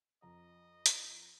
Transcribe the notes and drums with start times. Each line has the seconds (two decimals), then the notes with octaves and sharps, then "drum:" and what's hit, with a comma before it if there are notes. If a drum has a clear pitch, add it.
0.22 F2 D#5 A#5
0.86 drum: hi-hat